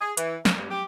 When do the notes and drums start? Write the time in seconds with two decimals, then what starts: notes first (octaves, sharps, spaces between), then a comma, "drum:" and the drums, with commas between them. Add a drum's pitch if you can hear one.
0.01 G#4
0.17 E3, drum: hi-hat
0.45 A#4, drum: snare
0.57 G2
0.71 G4